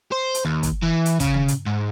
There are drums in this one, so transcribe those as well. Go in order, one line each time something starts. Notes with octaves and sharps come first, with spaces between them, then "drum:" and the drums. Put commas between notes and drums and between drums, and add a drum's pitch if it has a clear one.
C5
drum: hi-hat
D#2
drum: kick, hi-hat
E3
drum: hi-hat
C#3, drum: kick, hi-hat
drum: tom
drum: hi-hat
G#2